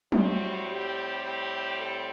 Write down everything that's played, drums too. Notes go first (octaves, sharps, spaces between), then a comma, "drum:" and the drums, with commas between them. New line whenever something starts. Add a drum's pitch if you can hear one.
A2 G3 C4 F#4, drum: tom F#3
G4
G4
A4